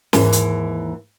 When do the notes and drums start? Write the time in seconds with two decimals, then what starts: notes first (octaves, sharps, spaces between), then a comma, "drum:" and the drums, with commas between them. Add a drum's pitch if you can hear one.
0.13 D#2 G#2 E3, drum: snare
0.33 drum: hi-hat